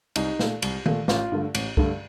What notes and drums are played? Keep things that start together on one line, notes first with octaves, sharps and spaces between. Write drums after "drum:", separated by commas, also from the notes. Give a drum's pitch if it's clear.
C2 D#4, drum: cymbal
A#2 A3, drum: snare
C2, drum: cymbal
A#2 A3, drum: tom D#3
A1 F4, drum: snare
G2 D3 A3
A1, drum: cymbal
G2 D3 A3, drum: kick